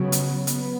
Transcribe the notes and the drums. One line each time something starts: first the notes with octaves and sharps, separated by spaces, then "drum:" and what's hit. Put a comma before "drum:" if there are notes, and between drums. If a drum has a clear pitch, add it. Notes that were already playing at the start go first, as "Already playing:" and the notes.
Already playing: C#3 F#3 B3
drum: hi-hat
B3, drum: hi-hat